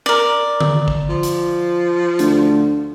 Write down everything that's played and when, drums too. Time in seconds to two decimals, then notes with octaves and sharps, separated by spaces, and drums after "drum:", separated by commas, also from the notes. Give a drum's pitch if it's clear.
0.06 A#4 D5
0.61 drum: tom D3
0.88 drum: kick
1.09 F3
1.23 drum: hi-hat
2.19 D2, drum: hi-hat